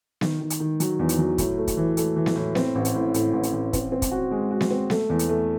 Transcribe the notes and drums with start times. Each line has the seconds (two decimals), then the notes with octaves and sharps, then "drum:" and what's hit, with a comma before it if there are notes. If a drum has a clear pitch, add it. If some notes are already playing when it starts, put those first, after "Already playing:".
0.21 D#3, drum: snare B3
0.41 D#3
0.50 drum: hi-hat
0.60 D#3
0.80 F#3, drum: hi-hat
0.99 E2
1.09 drum: hi-hat
1.19 F#3
1.38 A2, drum: kick, hi-hat
1.58 A3
1.67 drum: kick, hi-hat
1.77 E3
1.97 A3, drum: hi-hat
2.16 E3
2.26 drum: snare B3
2.36 A2
2.55 C4, drum: snare B3
2.75 A1
2.85 drum: hi-hat
2.94 A2
3.14 A2, drum: hi-hat
3.33 A1
3.43 drum: hi-hat
3.53 A1
3.73 C4, drum: kick, hi-hat
3.92 C4
4.02 drum: kick, hi-hat
4.12 F#4
4.31 G#3
4.51 F#4
4.61 drum: snare B3
4.71 C4
4.90 A3, drum: snare B3
5.10 E2
5.19 drum: hi-hat
5.29 A3